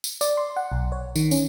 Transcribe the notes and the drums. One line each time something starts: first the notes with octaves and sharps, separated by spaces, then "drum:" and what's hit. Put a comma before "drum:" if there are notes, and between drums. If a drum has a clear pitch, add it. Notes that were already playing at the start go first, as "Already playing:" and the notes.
drum: tambourine
D5, drum: tambourine
C6
F#5
B1
C#5
D#3, drum: tambourine
C#4, drum: tambourine